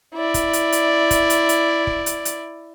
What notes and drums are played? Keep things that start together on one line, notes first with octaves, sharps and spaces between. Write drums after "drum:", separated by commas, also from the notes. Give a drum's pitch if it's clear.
E4 D5
drum: kick, hi-hat
drum: hi-hat
drum: hi-hat
drum: kick, hi-hat
drum: hi-hat
drum: hi-hat
drum: kick
drum: hi-hat
drum: hi-hat